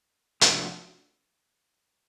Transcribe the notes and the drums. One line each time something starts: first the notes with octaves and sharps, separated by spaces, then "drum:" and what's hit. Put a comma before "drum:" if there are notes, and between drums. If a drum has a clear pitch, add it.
C3 F3 A3 D4 F#4, drum: hi-hat